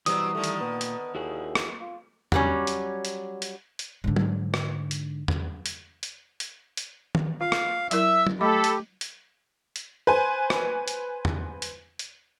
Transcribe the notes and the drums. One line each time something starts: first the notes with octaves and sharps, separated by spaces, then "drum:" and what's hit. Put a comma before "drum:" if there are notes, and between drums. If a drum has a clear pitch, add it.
B2 E3 F#3 G3 C4 G4 D#6, drum: hi-hat
D3 D#3 A3
drum: hi-hat
A#2 B3
drum: hi-hat
D#2 E4 F#4 G#4
drum: rim click
F4
F#3 G3 C#4, drum: tom E2
drum: hi-hat
drum: hi-hat
drum: hi-hat
drum: hi-hat
G#2 D3
drum: tom F#3
drum: rim click
drum: hi-hat
drum: tom E2
drum: hi-hat
drum: hi-hat
drum: hi-hat
drum: hi-hat
drum: tom
F4 F5
drum: rim click
F#3 E4 A#4 E5 E6, drum: hi-hat
drum: tom F#3
A3 G4 A4 D#5 B5 D6
drum: hi-hat
drum: hi-hat
drum: hi-hat
B4 C5 G#5
drum: rim click
drum: hi-hat
drum: tom E2
drum: hi-hat
drum: hi-hat